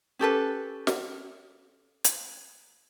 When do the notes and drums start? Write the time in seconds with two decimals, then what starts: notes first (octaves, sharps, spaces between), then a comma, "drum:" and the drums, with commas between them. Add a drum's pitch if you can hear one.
0.19 C#4 G4 A4 B4
0.87 drum: snare
2.05 drum: hi-hat